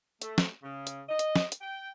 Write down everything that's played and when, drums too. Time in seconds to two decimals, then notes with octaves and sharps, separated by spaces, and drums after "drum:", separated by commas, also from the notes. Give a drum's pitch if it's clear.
0.22 A3, drum: hi-hat
0.38 drum: snare
0.63 C#3
0.87 drum: hi-hat
1.09 D#5
1.19 drum: hi-hat
1.36 drum: snare
1.52 drum: hi-hat
1.61 G5